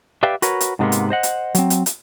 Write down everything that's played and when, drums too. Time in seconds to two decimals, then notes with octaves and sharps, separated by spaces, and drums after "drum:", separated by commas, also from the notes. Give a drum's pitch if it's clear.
0.23 G4 B4 D5 E5 F5 G5
0.42 F#4 A#4 B4 C#5, drum: hi-hat
0.61 drum: hi-hat
0.79 G#2 C3 G3 G#3 A#3 B3
0.92 drum: hi-hat
1.10 C5 D#5 F#5
1.23 drum: hi-hat
1.55 F#3 C4, drum: hi-hat
1.70 drum: hi-hat
1.86 drum: hi-hat